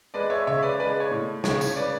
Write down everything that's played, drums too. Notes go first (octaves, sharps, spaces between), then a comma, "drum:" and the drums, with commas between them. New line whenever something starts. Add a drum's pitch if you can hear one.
G#3 B4 D5
C#5 E5
C#3 C#5 E5
B4 D5
G#3 B4 D5
C#5
A2
C#3 C#5, drum: snare
C#5, drum: tambourine
B4 D5